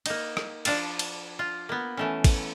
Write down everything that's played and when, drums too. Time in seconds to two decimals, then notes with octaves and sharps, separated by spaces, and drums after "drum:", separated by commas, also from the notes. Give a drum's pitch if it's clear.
0.06 A#3 D#4, drum: cymbal
0.37 drum: rim click
0.65 F3 D4 F5 A5, drum: cymbal
0.99 drum: cymbal
1.39 F4
1.69 A#3 B3
1.97 E3 A3 C#4
2.24 drum: kick, cymbal